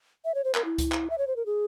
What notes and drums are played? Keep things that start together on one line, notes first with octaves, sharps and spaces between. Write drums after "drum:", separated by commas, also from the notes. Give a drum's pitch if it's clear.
E5
C#5
C5
A#4, drum: clap
E4
drum: kick C#2, hi-hat
drum: clap
E5
C#5
C5
A#4
G#4